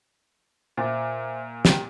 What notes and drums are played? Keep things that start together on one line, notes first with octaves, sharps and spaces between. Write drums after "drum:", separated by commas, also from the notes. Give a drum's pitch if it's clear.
A#2 C5 E5 D6
G4 G5, drum: snare